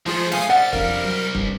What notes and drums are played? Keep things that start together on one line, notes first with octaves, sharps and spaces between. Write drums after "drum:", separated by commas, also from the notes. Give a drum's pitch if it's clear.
F3 G#3 A3 F4 G#4
F5 G#5 D#6, drum: snare
C2 G3 F#5 A6
F2 D4 A#4 F5, drum: kick
F#3
G2, drum: kick